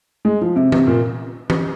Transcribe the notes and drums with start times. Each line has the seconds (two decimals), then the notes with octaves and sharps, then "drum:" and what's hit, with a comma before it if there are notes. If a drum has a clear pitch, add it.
0.25 G#3
0.41 F3
0.56 C3
0.72 C3, drum: tom E3
0.87 A#2
1.50 drum: tom E3